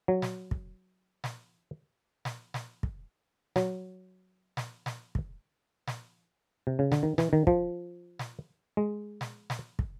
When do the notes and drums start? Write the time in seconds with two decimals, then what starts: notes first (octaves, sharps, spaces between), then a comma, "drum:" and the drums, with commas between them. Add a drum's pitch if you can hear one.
0.08 F#3
0.22 drum: snare
0.51 drum: kick
1.24 drum: snare
2.25 drum: snare
2.54 drum: snare
2.83 drum: kick
3.56 F#3, drum: snare
4.57 drum: snare
4.86 drum: snare
5.15 drum: kick
5.88 drum: snare
6.67 C3
6.79 C#3
6.92 D3, drum: snare
7.03 D#3
7.18 E3, drum: snare
7.33 D#3
7.47 F3, drum: kick
8.19 drum: snare
8.77 G#3
9.21 drum: snare
9.50 drum: snare
9.79 drum: kick